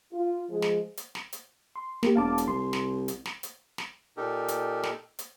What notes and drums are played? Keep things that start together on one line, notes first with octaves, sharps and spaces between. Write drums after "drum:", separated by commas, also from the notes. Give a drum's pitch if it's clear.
F4
F3 G#3
drum: snare
drum: hi-hat
drum: snare
drum: hi-hat
C6
A#3 G4, drum: snare
E1 F5 A5 D6
drum: hi-hat
C2 C6
drum: snare
drum: hi-hat
drum: snare
drum: hi-hat
drum: snare
A#2 D#4 G4 A4 A#4
drum: hi-hat
drum: snare
drum: hi-hat